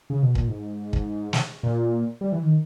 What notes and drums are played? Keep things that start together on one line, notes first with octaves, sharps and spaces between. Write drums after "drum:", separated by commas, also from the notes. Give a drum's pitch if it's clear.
C#3
B2
A#2, drum: kick
G#2
drum: kick
drum: snare
A#2
G3
E3
D#3